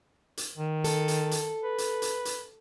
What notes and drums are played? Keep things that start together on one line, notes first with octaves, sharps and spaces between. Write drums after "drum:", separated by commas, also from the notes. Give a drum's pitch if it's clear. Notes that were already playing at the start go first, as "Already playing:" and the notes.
drum: hi-hat
D#3
A4, drum: hi-hat
drum: hi-hat
drum: hi-hat
B4
drum: hi-hat
drum: hi-hat
drum: hi-hat